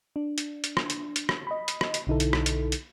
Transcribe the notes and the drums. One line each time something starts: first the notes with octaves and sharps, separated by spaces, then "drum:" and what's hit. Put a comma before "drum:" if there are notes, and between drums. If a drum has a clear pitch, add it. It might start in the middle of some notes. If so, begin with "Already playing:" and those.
D4
drum: hi-hat
drum: hi-hat
drum: rim click
drum: hi-hat
drum: hi-hat
drum: rim click
D#5 B5
drum: hi-hat
drum: rim click
drum: hi-hat
B1 D3 D#4 E4 A4
drum: hi-hat
drum: rim click
drum: hi-hat
drum: hi-hat